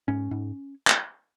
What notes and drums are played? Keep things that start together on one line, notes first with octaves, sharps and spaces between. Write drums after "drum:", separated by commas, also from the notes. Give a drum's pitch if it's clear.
G#2 C#4
G#2
drum: clap